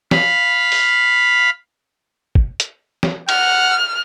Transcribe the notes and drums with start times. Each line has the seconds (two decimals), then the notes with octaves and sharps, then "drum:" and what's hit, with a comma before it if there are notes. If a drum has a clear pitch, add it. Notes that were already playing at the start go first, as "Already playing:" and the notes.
0.11 F5 B5, drum: snare
0.72 drum: open hi-hat
2.35 drum: kick
2.60 drum: hi-hat
3.03 drum: snare
3.29 F#5 F6, drum: cymbal